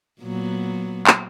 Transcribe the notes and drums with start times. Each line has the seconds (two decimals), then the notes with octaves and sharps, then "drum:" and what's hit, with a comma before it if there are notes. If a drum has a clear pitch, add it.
0.21 A#2 F#3 B3
1.07 drum: clap